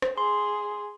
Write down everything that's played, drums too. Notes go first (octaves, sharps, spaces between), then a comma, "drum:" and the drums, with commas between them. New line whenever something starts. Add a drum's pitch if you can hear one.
drum: rim click
G#4 C6